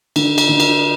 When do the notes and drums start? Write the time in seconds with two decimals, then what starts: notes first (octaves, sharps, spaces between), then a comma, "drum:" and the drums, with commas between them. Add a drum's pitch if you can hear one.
0.16 D3, drum: cymbal
0.38 drum: cymbal
0.49 D3
0.60 drum: cymbal